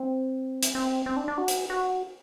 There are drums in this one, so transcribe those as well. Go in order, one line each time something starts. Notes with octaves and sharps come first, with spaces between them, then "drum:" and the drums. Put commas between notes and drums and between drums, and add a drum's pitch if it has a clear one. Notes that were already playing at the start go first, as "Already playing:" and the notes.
Already playing: C4
drum: hi-hat
C4
C4
D4
D4
F#4
drum: hi-hat
F#4